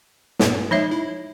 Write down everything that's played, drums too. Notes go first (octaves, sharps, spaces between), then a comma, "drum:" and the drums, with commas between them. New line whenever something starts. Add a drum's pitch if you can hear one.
G2 A#2 G#3, drum: snare
F3 G#3 D#4 C#5 E5
E4